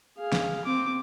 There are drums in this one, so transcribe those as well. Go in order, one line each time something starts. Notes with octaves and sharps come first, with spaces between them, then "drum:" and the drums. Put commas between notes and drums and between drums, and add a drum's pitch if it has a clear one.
G#4 F5
drum: snare
C4 D6